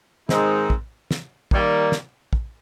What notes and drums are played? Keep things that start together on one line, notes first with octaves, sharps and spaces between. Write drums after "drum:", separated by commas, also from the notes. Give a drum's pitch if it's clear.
G#2 D#3 G#3 C4 D#4, drum: snare
drum: kick
drum: snare
D#3 G3 A#3, drum: kick
drum: snare
drum: kick